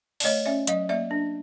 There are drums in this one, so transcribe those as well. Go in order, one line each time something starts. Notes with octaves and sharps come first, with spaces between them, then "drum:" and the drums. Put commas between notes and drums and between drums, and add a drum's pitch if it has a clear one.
D5, drum: open hi-hat
A3 C#5 D#5
C#4 D5 E5
F#3 D#5 F5, drum: hi-hat
A#3 D5 E5
D4